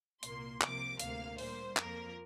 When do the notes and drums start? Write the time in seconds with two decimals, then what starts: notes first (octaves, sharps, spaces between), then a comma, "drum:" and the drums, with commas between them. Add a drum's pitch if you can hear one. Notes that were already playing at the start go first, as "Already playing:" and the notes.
0.23 C2 A#2 A#3 C6, drum: hi-hat
0.61 C2 C3 F3 A#3 D6, drum: clap
0.99 D2 C3 A#3 F5, drum: hi-hat
1.38 A#2 G3 A#3 C5, drum: open hi-hat
1.77 F2 F3 A#3 A#4, drum: clap